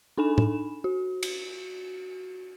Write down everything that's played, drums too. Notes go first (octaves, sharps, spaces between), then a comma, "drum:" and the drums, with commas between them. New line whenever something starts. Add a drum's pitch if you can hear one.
D4 D#4 A4 G#5 B5 E7
drum: tom A2
F#4
drum: cymbal